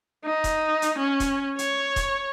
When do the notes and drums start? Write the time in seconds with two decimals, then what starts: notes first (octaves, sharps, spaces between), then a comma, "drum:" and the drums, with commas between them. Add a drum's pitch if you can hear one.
0.25 D#4
0.44 drum: kick D#1, hi-hat
0.82 drum: hi-hat
0.98 C#4
1.20 drum: kick D#1, hi-hat
1.59 C#5, drum: hi-hat
1.96 drum: kick D#1, hi-hat